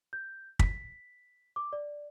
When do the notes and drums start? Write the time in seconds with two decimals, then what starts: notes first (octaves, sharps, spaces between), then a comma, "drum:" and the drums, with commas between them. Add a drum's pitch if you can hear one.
0.13 G6
0.59 B6, drum: kick
1.56 D6
1.73 D5